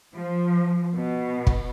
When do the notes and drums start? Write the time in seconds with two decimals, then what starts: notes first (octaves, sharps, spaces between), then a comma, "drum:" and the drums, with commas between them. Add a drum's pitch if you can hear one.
0.15 F3
0.96 B2
1.47 drum: kick